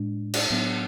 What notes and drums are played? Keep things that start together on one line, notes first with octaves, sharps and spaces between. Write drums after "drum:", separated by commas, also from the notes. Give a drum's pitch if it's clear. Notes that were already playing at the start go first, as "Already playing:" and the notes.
Already playing: A2 G#3 D4
drum: cymbal
A2 F#3 B3 D4